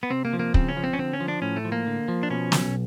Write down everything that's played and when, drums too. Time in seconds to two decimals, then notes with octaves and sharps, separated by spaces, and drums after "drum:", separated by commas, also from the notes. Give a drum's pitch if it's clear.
0.03 B3
0.10 C3 C4
0.25 A#3
0.33 F3
0.40 A#3
0.54 C#3 C4, drum: kick
0.69 C#4
0.77 F3
0.84 C4
0.93 C#4
0.98 D3 C4
1.13 C#4
1.20 F3
1.28 D4
1.42 A2 C#4
1.56 A3
1.65 F3
1.72 A#3
1.87 D3
2.08 F3
2.23 D4
2.30 B2 C#4
2.52 B1, drum: snare